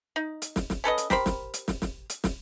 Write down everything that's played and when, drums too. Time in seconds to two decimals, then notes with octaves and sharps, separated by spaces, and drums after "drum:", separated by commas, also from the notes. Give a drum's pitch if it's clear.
0.16 D#4
0.42 drum: hi-hat
0.56 drum: snare
0.70 drum: snare
0.84 C#4 A4 B4 D#5
0.98 drum: hi-hat
1.10 G4 A#4 C5 B5, drum: snare
1.26 drum: snare
1.54 drum: hi-hat
1.68 drum: snare
1.82 drum: snare
2.10 drum: hi-hat
2.24 drum: snare